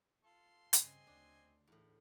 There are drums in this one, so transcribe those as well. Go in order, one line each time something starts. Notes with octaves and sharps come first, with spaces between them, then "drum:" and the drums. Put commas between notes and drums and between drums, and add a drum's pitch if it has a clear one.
F4 A4 C6
G2 C#3 C4 C#5 D#5 G#5, drum: hi-hat
D2 D4
E2 A2